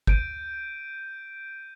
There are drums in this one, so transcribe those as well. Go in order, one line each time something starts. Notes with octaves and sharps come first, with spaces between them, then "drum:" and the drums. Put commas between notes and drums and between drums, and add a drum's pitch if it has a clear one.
G6 D7 D#7, drum: kick